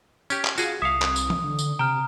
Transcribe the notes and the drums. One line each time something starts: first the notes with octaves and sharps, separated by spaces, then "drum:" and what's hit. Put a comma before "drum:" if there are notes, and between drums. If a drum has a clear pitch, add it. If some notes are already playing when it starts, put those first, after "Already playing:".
C#4 G4, drum: tambourine
drum: clap
F4 F#4 G#4, drum: tambourine
C2 E5 F5 D#6 C#7
drum: clap
drum: tambourine
drum: tom E3
D3
drum: tambourine
C3 G5 A#5 F6